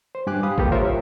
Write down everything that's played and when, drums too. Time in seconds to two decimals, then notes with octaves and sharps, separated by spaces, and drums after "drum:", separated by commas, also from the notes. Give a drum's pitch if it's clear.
0.15 C5
0.27 G2 G4 G#5 D6 F#6
0.43 G4 F5 B5 D#6
0.58 A#3 G4 A4 B4, drum: kick G#1
0.72 F4 A#4 C5 C#5 E5
0.85 E5